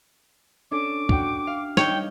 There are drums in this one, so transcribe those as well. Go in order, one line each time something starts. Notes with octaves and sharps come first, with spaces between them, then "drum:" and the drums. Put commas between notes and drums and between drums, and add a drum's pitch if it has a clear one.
C#4 D4 A4 D6
D4 F#4 G5, drum: kick
F5
G3 D#4 C#5 G5, drum: snare